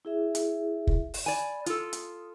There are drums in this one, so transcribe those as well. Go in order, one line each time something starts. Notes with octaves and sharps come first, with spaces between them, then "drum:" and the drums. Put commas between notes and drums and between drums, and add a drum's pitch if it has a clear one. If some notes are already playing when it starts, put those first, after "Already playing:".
E4 G#4 E5
drum: hi-hat
drum: kick
drum: open hi-hat
D5 G#5 B5
F4 A4 D#6, drum: hi-hat
drum: hi-hat